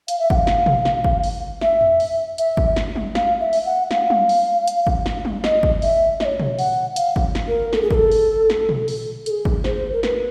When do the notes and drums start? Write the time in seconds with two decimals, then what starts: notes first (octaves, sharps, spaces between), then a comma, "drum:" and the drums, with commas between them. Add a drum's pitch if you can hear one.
0.08 F5, drum: hi-hat
0.19 E5
0.30 F#5, drum: kick
0.35 F5
0.47 drum: snare
0.66 drum: tom
0.85 drum: snare
1.04 drum: kick
1.24 drum: open hi-hat
1.61 E5, drum: snare
1.81 drum: tom
2.00 drum: open hi-hat
2.38 E5, drum: hi-hat
2.57 drum: kick
2.76 drum: snare
2.96 drum: tom
3.15 F5, drum: snare
3.40 E5
3.53 drum: open hi-hat
3.65 F#5
3.91 F5, drum: snare
4.10 drum: tom
4.29 drum: open hi-hat
4.68 drum: hi-hat
4.87 drum: kick
5.06 drum: snare
5.25 drum: tom
5.44 D#5, drum: snare
5.63 drum: kick
5.82 E5, drum: open hi-hat
6.20 D#5, drum: snare
6.25 C#5
6.40 drum: tom
6.59 F#5, drum: open hi-hat
6.96 F5, drum: hi-hat
7.16 drum: kick
7.35 drum: snare
7.48 A#4
7.73 A4, drum: snare
7.82 G#4
7.91 A#4, drum: kick
7.94 A4
8.12 drum: open hi-hat
8.50 drum: snare
8.69 drum: tom
8.88 drum: open hi-hat
9.26 A4, drum: hi-hat
9.30 G#4
9.45 drum: kick
9.64 C5, drum: snare
9.92 A#4
10.03 B4, drum: snare